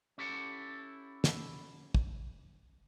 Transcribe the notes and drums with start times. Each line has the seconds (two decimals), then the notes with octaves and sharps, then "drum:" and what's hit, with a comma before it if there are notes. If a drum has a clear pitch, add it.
0.18 C#4 E4 G4 A4 F#5
1.24 drum: snare
1.95 drum: kick